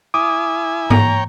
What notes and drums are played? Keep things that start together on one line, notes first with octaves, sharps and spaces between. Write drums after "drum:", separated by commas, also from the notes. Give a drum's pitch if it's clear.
E4 G#5 D6 D#6
C#5 G5 A#5, drum: tom G#2